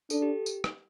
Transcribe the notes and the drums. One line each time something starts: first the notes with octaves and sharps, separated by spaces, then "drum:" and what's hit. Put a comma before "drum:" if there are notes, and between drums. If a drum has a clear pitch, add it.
D4 A4, drum: tambourine
G4
drum: tambourine
drum: rim click